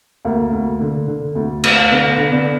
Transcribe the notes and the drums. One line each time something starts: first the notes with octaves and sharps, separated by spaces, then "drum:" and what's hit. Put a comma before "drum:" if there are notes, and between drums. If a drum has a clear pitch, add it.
D2 A#3
D2
D3
D3
D2
D2, drum: cymbal
D3 B3
D3
B3 D4